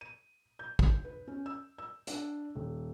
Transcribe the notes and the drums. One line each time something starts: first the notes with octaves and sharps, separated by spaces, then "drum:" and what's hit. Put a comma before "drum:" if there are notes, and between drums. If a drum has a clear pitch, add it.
D#7
G6
drum: kick
B4
C#4
E6
E6
D4, drum: hi-hat
D#1